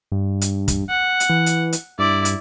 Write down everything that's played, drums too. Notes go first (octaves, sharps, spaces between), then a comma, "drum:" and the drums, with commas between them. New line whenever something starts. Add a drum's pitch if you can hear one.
G2
drum: hi-hat
drum: kick, hi-hat
F#5
drum: hi-hat
E3
drum: hi-hat
drum: hi-hat
G2 E4 D5
drum: hi-hat